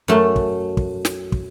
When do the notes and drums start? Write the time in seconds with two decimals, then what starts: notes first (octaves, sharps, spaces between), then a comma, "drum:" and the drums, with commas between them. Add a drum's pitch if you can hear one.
0.08 F#2 A3
0.36 drum: kick
0.77 drum: kick
1.05 drum: snare
1.32 drum: kick